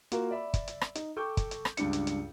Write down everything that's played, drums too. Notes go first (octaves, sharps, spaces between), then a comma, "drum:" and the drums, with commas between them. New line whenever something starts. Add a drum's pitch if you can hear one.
A#3 F4 F#4 A#4 F5, drum: hi-hat
D5 E5 B5
drum: kick, hi-hat
drum: hi-hat
drum: rim click
D#4, drum: hi-hat
A4 G5 C#6 D6 G6
drum: kick, hi-hat
drum: hi-hat
drum: rim click
C#2 G2 D4 C#7, drum: hi-hat
drum: hi-hat
drum: hi-hat